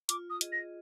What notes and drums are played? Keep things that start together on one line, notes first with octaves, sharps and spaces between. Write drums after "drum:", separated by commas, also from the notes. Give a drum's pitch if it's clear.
F4 D6, drum: hi-hat
D#6
G#4 D#5, drum: hi-hat
A#6